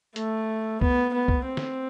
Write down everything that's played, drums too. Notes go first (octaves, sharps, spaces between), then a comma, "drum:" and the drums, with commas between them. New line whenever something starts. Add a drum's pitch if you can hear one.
A3, drum: hi-hat
B3, drum: kick C2
B3
drum: kick C2
C4
drum: snare